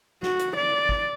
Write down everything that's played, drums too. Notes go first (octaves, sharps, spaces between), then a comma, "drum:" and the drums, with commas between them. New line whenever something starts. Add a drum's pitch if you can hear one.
F#4, drum: snare
drum: hi-hat
D5
drum: kick